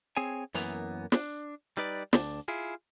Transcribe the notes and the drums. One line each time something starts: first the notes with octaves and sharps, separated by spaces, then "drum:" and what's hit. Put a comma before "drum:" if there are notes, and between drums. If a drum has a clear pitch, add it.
C4 G#4 C#5 G#5
F#2 E3 A#3 B3, drum: open hi-hat
D4, drum: snare
G3 D#4 B4 D5
D2 D4, drum: snare
E4 F4 G#4